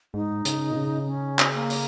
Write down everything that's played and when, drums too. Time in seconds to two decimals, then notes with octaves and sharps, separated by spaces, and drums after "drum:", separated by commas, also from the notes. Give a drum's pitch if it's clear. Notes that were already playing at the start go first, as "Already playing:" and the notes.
0.14 G#2 D#4
0.45 C#3, drum: hi-hat
0.71 A#2
0.76 C#3
1.07 C#4
1.39 drum: clap
1.54 A#3
1.70 drum: open hi-hat